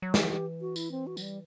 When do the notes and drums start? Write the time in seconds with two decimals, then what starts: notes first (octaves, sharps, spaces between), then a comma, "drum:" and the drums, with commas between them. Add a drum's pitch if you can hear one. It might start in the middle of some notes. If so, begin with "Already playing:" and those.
0.02 F#3
0.14 E3 G4, drum: snare
0.29 G4
0.61 F#4
0.76 E4, drum: tambourine
0.91 C4
1.07 F#4
1.17 F#3, drum: tambourine
1.22 G3